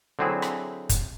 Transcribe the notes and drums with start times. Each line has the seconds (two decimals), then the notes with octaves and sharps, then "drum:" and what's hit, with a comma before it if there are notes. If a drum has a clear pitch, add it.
0.19 D3 F#3 C4 E4 G#4
0.42 drum: rim click
0.89 drum: kick, hi-hat